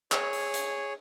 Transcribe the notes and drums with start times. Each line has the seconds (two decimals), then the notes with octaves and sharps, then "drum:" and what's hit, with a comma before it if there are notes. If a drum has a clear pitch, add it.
0.12 G#4 C#5, drum: clap
0.33 drum: open hi-hat
0.54 drum: hi-hat